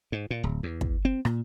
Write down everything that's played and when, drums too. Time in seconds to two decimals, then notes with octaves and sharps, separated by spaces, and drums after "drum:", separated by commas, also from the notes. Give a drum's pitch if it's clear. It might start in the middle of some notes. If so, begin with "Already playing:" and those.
0.12 G#2
0.30 A#2
0.43 D1
0.63 E2
0.81 drum: kick
1.05 C4
1.25 A#2, drum: rim click